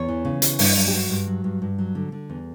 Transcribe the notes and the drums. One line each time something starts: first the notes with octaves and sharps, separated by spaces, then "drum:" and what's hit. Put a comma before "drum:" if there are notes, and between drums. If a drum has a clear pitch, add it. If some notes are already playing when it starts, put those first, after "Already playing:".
Already playing: E2 C#5
E3
C#3
E3, drum: hi-hat
G2 D4, drum: open hi-hat
F#3
G4
G2 F#4
G2
F#3
G2
G2
F#3
D3
D3
E2